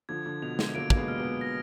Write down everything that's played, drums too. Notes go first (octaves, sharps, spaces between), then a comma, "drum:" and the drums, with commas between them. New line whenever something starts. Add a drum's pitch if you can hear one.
D3 F3 G#6
D3
B2 F7
D3, drum: snare
F#3 A#3 D7
A#3, drum: kick
G#3 B3
F6
G#3 B3
A#6